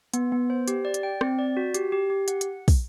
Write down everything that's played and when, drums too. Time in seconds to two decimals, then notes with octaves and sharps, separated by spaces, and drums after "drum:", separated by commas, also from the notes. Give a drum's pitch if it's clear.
0.14 B3, drum: hi-hat
0.32 B3
0.50 C5
0.68 G4, drum: hi-hat
0.85 D5
0.94 drum: hi-hat
1.03 G5
1.21 C4, drum: rim click
1.39 D5
1.57 F#4
1.74 G4, drum: hi-hat
1.92 G4
2.10 G4
2.28 F#5, drum: hi-hat
2.41 drum: hi-hat
2.68 drum: kick, open hi-hat